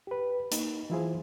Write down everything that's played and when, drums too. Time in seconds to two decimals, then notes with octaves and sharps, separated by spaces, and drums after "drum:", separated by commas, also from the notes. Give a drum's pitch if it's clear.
0.07 G4 B4
0.51 A#3 D#4, drum: hi-hat
0.90 E3 F#3 E4 F4 G#4 C5